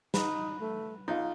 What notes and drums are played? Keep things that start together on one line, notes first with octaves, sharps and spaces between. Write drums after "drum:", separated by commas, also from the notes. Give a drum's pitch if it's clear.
D#4 B4, drum: snare
A3
B1 D#4 F4